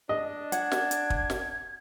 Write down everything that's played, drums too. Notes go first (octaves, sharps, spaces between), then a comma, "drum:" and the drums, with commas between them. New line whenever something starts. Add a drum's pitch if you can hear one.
D4 D#5
F#5 G#6, drum: hi-hat
drum: snare
drum: hi-hat
drum: kick
drum: snare